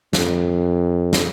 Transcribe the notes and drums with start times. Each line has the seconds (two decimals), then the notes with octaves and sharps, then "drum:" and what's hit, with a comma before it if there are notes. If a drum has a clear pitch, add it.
0.13 F2, drum: snare
1.13 drum: snare